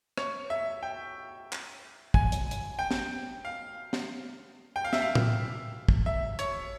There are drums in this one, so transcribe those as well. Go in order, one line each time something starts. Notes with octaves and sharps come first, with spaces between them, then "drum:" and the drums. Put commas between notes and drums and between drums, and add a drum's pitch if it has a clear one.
C#5, drum: rim click
E5
G5
drum: clap
G#5, drum: kick
drum: hi-hat
drum: hi-hat
G5
drum: snare
F5
drum: snare
G5
F5
E5, drum: snare
F5
drum: tom A2
drum: kick
E5
C#5, drum: hi-hat